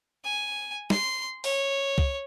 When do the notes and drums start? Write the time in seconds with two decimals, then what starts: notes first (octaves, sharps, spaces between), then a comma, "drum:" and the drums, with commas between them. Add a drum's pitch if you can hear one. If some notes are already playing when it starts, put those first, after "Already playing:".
0.24 G#5
0.90 C6, drum: snare
1.44 C#5, drum: open hi-hat
1.98 drum: kick C2